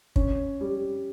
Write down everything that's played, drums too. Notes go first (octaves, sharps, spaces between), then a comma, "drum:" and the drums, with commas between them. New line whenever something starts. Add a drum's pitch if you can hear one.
C#4, drum: kick
G3